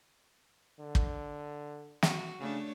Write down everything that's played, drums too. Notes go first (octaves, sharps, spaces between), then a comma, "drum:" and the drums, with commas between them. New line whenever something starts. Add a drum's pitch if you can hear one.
D3
drum: kick
F#4, drum: snare
C#3 A3 D4 C#5